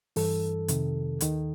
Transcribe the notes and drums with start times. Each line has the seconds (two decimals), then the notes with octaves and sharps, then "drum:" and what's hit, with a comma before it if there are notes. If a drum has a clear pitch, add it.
0.16 G2 E3 A4, drum: open hi-hat
0.68 F2 C3 D#3, drum: hi-hat
1.21 D#2 D#3, drum: hi-hat